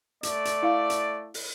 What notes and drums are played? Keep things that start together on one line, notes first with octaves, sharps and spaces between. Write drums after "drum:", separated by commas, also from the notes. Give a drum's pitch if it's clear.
A3 D5, drum: hi-hat
drum: hi-hat
E4 F5
drum: hi-hat
drum: open hi-hat